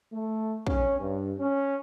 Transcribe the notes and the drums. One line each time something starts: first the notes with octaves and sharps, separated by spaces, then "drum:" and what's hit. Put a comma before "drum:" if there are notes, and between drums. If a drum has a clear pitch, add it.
A3
C#4, drum: kick
G2
C#4